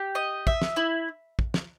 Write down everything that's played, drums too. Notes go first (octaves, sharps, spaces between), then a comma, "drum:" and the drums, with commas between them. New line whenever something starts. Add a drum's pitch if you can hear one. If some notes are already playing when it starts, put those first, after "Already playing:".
Already playing: G4
D#5
E5, drum: kick
drum: snare
E4
drum: kick
drum: snare